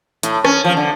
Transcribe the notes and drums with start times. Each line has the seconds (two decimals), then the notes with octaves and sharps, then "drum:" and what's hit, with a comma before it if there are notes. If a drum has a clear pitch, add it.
0.23 A2, drum: hi-hat
0.45 C#4, drum: rim click
0.64 F3
0.77 D3